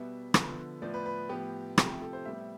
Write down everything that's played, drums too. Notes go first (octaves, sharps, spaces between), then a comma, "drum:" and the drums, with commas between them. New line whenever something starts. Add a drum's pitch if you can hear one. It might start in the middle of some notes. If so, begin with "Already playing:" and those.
Already playing: B2 G3 B3 E5
D3 F3 B3, drum: rim click
A2 F3 B3 D5
B4
B4
A2 F3 B3 G4
C3 F3 A3 G4, drum: rim click
G4
A4
C5
A2 G3 B3 E5